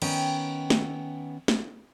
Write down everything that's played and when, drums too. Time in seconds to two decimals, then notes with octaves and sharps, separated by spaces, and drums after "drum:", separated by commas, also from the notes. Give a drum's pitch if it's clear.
0.02 D#3 B3 C#4 G5, drum: cymbal
0.70 drum: snare
1.48 drum: snare